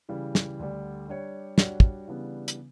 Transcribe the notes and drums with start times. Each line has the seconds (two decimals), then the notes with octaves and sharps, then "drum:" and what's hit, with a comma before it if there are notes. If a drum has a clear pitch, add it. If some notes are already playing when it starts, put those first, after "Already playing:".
0.09 C#3 E3 G3
0.35 drum: snare
0.59 D2 D3 G3
1.08 G3 D4 G4 C#5
1.58 G3 D4 F#4 C#5, drum: snare
1.80 drum: kick
2.08 C#3 E3 G3 B3 D4
2.48 drum: hi-hat